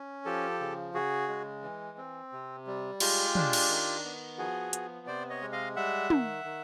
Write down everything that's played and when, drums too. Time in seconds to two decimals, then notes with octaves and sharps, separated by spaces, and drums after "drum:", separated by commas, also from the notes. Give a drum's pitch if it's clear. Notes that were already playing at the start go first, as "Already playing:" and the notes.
Already playing: C#4
0.25 F3 G4 A4
0.60 C#3
0.94 C#3 F#4 G#4
1.28 G#3
1.63 E3
1.98 C4
2.32 C3
2.67 G3
3.00 G#3 F4 G4, drum: cymbal
3.35 D4, drum: tom
3.53 drum: cymbal
3.69 D#3
4.04 B3
4.38 F3 F#4 G#4
4.73 B3, drum: hi-hat
5.07 C3 C5 D5
5.30 C#5 D#5
5.41 G#3
5.52 D#5 F5
5.76 G3 E5 F#5
6.10 D#3, drum: tom
6.44 D#3